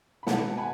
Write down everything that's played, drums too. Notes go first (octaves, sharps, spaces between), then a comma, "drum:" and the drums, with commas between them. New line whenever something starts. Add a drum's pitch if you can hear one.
B5
B2 G#3 B3 F#5 A5, drum: snare
A5
G#5 B5